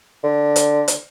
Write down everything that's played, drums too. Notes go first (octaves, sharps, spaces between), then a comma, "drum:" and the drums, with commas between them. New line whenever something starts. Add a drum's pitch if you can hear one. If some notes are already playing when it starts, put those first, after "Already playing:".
D3
drum: hi-hat
drum: hi-hat